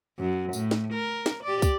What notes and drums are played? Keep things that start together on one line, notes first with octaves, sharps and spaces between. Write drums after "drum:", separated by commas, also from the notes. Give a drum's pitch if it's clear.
F#2
A2, drum: tambourine
drum: snare
A#4
drum: snare
G4 D5
drum: kick, tambourine